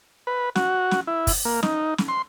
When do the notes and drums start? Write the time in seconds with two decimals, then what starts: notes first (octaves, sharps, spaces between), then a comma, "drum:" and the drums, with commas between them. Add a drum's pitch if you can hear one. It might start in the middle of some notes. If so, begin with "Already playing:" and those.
0.27 B4
0.55 F#4, drum: snare
0.91 drum: snare
1.07 E4
1.27 drum: kick, open hi-hat
1.45 A#3
1.63 D#4, drum: snare
1.98 drum: snare
2.08 C6